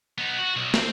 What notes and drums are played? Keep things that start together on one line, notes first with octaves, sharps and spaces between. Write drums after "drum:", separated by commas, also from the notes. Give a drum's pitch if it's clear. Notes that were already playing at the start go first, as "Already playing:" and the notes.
B3 D#4
F#4
B1
C4, drum: snare